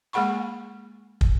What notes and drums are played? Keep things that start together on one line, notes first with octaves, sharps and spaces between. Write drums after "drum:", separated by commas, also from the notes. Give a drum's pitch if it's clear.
G#3 A#3 G#4 F#5 B5 C#6
drum: kick